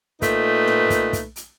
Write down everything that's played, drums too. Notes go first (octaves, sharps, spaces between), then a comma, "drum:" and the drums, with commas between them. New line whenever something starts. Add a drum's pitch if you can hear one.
A#2 A3 D#4 B4, drum: kick, hi-hat
drum: tom
drum: kick, hi-hat
drum: kick, hi-hat
drum: hi-hat